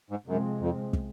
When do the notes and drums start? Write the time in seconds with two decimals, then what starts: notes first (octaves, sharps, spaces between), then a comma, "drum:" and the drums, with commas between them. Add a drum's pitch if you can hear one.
0.10 G#2
0.27 F#2 C3 F3 G#3 C4
0.60 F2
0.93 drum: kick